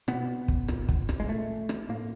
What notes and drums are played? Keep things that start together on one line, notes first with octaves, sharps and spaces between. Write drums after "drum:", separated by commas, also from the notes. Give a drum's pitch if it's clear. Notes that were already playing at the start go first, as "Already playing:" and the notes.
B2 B3, drum: rim click
drum: kick
A#2, drum: rim click
drum: kick
drum: rim click
G#3
A#2 A3
drum: rim click
A2 A#3